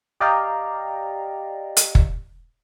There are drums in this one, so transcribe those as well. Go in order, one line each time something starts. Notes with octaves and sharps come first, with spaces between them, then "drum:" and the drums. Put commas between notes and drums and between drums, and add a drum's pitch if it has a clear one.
G4 D5 D#5 F5 G5 A#5
drum: hi-hat
drum: kick F#1